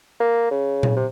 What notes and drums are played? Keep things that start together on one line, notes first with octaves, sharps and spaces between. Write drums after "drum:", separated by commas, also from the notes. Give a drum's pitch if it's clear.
A#3
C#3
drum: tom A#2
C3